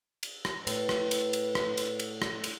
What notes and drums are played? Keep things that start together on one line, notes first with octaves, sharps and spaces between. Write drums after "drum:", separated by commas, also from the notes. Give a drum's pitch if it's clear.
drum: cymbal
drum: rim click
A2 B4, drum: cymbal
drum: rim click
drum: cymbal
drum: cymbal
drum: rim click
drum: cymbal
drum: cymbal
drum: rim click
drum: cymbal